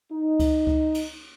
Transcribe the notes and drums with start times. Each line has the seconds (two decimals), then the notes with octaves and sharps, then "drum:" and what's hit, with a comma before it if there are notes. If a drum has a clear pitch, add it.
0.12 D#4
0.40 drum: kick C#2, cymbal
0.67 drum: kick C#2
0.95 drum: cymbal